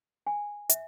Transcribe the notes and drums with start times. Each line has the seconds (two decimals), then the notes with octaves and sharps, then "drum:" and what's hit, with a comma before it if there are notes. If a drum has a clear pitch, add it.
0.27 G#5
0.70 E5, drum: hi-hat